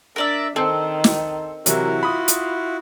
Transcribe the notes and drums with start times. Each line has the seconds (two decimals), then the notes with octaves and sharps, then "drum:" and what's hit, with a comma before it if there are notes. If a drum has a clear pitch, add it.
0.16 D4 A#4 D5 E5
0.56 D#3 C4 A4 C5
1.04 drum: snare
1.66 C3 E3 F#3 E4 F#4 A#4, drum: hi-hat
2.03 F4 B5 D#6
2.28 drum: hi-hat